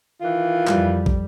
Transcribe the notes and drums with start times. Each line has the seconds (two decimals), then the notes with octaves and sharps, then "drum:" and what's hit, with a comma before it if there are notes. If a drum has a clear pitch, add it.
0.21 D#3 E3 F4
0.67 F2 G3, drum: clap
1.06 drum: kick